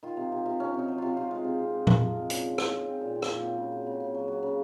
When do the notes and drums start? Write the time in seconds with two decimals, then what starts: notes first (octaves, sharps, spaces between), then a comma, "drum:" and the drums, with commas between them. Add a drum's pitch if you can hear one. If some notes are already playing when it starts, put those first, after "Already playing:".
0.03 D#3 F4
0.17 C3
0.32 C3
0.46 C3
0.60 C3 C#4
0.74 C3 D#4
0.88 F#3
0.98 C3 F4
1.17 C3 F4
1.31 G#3
1.44 C3
1.59 C3
1.73 G#3
1.87 F3, drum: tom A#2
2.02 C3
2.16 G#3
2.30 A#2 C#4, drum: hi-hat
2.44 F3
2.58 G#3, drum: rim click
2.72 G#3
2.87 F3 C4
3.00 A#2 A#3
3.15 A#2 C4
3.22 A#3, drum: rim click
3.30 A#2 C4
3.43 F#3 C4
3.58 C#3
3.72 F#3
3.87 C#3
4.00 C#3
4.14 F#3
4.28 F#3
4.43 C#3